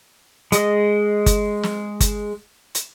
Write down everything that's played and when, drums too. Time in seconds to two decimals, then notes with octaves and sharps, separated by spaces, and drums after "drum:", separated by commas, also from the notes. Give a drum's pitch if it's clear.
0.52 G#3 D#5, drum: hi-hat
1.26 drum: kick G1, hi-hat
1.63 drum: snare
2.00 drum: kick G1, hi-hat
2.75 drum: hi-hat